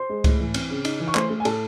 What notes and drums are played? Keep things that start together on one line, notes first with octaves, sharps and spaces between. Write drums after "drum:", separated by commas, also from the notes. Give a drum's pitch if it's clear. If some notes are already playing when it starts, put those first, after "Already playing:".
Already playing: C5 C6
G#3
A2, drum: kick C#2, cymbal
E3
C4, drum: cymbal
C#3
D#4, drum: cymbal
E3
C#6
A3 C5 C6, drum: clap
A3
G#5
A2 A4 A5, drum: cymbal